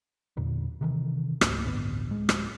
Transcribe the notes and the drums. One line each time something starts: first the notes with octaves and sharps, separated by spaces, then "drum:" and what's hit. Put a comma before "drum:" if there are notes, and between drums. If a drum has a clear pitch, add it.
E2 A#2 D3
C3 D#3 E3
C#2 G#2 A3 A#3, drum: rim click
A1 D2 G2 B3
D1 G#3
drum: rim click